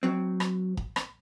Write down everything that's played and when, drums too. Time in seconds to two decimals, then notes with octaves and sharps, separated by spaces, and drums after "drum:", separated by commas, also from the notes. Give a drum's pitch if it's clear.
0.03 F#3 C4
0.40 drum: rim click
0.77 drum: kick
0.96 drum: rim click